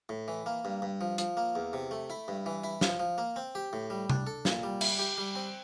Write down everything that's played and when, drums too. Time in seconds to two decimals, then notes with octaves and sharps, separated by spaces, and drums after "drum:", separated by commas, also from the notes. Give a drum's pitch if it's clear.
0.09 A2
0.28 E3
0.46 A#3
0.65 G2
0.82 G2
1.01 F3
1.18 F3, drum: hi-hat
1.37 A#3
1.55 E2
1.73 C3
1.91 A3
2.10 E4
2.28 G2
2.46 E3
2.64 E4
2.81 F3, drum: snare
3.00 F3
3.18 A#3
3.36 C4
3.55 G4
3.73 A2
3.90 G3
4.10 D4, drum: tom C3
4.27 A4
4.45 A#2, drum: snare
4.63 G3
4.81 E4, drum: cymbal
4.99 G4
5.18 G3
5.35 C4